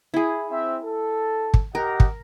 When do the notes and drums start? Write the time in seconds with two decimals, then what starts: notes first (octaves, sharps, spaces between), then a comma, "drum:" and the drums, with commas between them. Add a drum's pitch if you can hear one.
0.14 E4 G#4
0.51 C4 E5
0.84 A4
1.54 drum: kick
1.75 G4 A#4 D#5 F#5
2.00 drum: kick